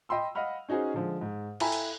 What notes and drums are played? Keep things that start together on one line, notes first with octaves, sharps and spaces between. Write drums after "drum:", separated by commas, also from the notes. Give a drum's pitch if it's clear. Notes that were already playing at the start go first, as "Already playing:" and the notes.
D#5 G5 B5 C6 E6
D#5 F5 F#5 B5 F6
C#4 D#4 F#4 G#4 C5
D3 F3 G#3
G#2
E4 A4 G5 G#5 A#5 B5, drum: cymbal
drum: hi-hat